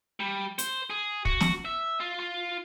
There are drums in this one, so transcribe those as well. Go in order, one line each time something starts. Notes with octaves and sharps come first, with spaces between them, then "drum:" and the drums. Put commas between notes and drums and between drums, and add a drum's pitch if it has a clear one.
G3
C5, drum: hi-hat
G#4
F#4, drum: kick
drum: snare
E5
F4
F4